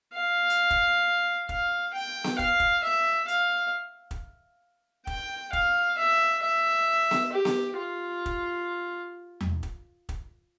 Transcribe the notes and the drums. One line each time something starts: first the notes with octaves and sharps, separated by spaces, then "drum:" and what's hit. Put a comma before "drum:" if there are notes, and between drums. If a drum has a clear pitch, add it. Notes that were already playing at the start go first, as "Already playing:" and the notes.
F5
drum: hi-hat
drum: kick
F5, drum: kick
G5
drum: snare B3
F5, drum: kick
drum: kick
E5
F5, drum: hi-hat
drum: kick
G5, drum: kick
F5, drum: kick
E5
E5
drum: snare B3
G4
drum: snare B3
F4
drum: kick
drum: tom E2
drum: kick
drum: kick